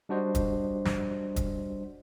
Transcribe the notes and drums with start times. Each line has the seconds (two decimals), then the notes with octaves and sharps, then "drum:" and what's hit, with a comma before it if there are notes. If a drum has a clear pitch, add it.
0.09 G3 D4 F#4 C5 D#5
0.35 drum: kick, hi-hat
0.85 drum: snare
1.36 drum: kick, hi-hat